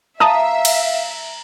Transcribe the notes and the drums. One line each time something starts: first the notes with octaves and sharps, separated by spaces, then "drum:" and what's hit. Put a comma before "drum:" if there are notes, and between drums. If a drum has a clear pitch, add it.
E5 F5 A5 A#5 D#6
drum: cymbal